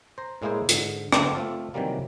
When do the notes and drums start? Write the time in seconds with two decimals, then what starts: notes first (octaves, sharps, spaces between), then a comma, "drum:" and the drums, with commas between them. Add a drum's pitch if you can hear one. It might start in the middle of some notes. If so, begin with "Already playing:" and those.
0.18 C5 A#5
0.42 A2 G#3 A#3 E4 G#4 C5
0.69 G#2 D3, drum: hi-hat
1.12 drum: rim click
1.23 A3 B3 C4
1.35 A3 C4 F4 A4
1.74 C3 D#3 E3 F#3 G3 A#3